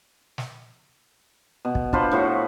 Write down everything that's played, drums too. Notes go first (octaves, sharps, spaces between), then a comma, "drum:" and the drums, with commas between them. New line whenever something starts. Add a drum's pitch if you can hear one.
drum: snare
B2
drum: kick
D4 F4 B4 C5, drum: kick
A2 F3 F#4 C#5